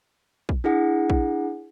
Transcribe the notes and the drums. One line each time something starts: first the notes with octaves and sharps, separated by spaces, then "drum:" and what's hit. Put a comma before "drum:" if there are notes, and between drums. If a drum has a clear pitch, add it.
drum: kick A#1
D4 E4 G#4 F#5
drum: kick A#1